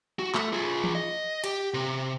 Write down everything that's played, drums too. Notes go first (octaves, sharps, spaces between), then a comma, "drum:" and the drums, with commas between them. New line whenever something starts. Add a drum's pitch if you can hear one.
F#4
A3, drum: clap
F4 G#4
drum: tom E3
D#5
G4, drum: cymbal
C3